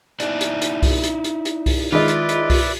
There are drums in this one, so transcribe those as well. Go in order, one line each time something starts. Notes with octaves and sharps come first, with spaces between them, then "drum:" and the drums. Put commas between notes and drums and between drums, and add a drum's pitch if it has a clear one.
D#4 E4 D5, drum: hi-hat
drum: hi-hat
drum: hi-hat
drum: kick C2, open hi-hat
drum: hi-hat
drum: hi-hat
drum: hi-hat
drum: kick C2, open hi-hat
D#3 G#3 E4 F4 B4 D5 D#5
drum: hi-hat
drum: hi-hat
drum: kick C2, open hi-hat